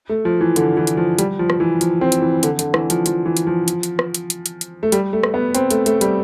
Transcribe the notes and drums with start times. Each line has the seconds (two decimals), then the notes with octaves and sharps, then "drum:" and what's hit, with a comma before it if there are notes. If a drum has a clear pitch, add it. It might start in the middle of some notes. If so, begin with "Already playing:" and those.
0.09 A3
0.25 F3
0.41 E3
0.56 D3, drum: hi-hat
0.77 E3
0.87 drum: hi-hat
0.97 F3
1.19 G3, drum: hi-hat
1.39 F3
1.50 drum: rim click
1.60 E3
1.81 F3, drum: hi-hat
2.01 C4
2.12 drum: hi-hat
2.22 E3
2.43 D3, drum: hi-hat
2.59 D3, drum: hi-hat
2.74 E3, drum: rim click
2.90 F3, drum: hi-hat
3.06 F3, drum: hi-hat
3.26 E3
3.37 drum: hi-hat
3.47 F3
3.68 drum: hi-hat
3.83 drum: hi-hat
3.99 drum: rim click
4.14 drum: hi-hat
4.30 drum: hi-hat
4.46 drum: hi-hat
4.61 drum: hi-hat
4.83 A3
4.92 G3, drum: hi-hat
5.13 A3
5.24 drum: rim click
5.34 B3
5.55 C4, drum: hi-hat
5.70 A3, drum: hi-hat
5.86 A3, drum: hi-hat
6.01 G3, drum: hi-hat